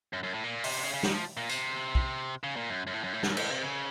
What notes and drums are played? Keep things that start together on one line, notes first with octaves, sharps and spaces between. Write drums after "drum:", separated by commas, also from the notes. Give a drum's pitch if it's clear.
F#2
F#2
A2
A#2
C3, drum: open hi-hat
C#3
C#3
D#3, drum: snare
F3
A#2
C3, drum: tambourine
drum: kick
C#3
A#2
F#2
F#2
A2
F#2
A2
F#2, drum: snare
A2, drum: cymbal
C3
C#3